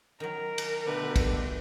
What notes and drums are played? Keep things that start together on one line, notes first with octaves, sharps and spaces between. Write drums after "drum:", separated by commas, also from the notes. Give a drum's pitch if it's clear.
D#3 F#3 A#4
drum: cymbal
B2 D3 A3 G4 B4
drum: kick, cymbal